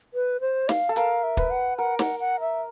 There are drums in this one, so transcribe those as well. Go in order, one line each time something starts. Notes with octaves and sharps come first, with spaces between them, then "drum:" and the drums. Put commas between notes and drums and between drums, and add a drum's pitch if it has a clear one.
B4
C5
F5, drum: snare
A4
A#4 F5, drum: hi-hat
E5
B4, drum: kick
F#5
A#4 F#5
F#5, drum: snare
F#5
E5